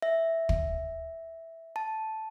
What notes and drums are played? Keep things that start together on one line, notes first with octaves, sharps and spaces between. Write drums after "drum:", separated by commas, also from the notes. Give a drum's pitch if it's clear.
E5
drum: kick
A5